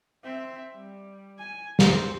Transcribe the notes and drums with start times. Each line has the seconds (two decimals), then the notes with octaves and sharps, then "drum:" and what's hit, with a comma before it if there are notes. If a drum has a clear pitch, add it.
0.24 C4 E5
0.74 G3
1.38 G#5
1.79 C4 C5, drum: snare